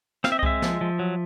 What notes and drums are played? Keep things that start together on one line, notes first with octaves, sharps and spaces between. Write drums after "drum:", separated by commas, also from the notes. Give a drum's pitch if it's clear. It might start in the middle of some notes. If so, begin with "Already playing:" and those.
C4 F5, drum: snare
E5
D#5
G#3 E5, drum: kick C2
F3, drum: snare
F3
F#3